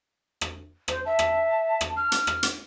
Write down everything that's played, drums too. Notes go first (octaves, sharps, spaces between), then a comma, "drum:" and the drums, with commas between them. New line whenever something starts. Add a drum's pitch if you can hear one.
drum: rim click
C5, drum: rim click
E5 A5
drum: rim click
drum: rim click
F6
drum: hi-hat
drum: rim click
drum: hi-hat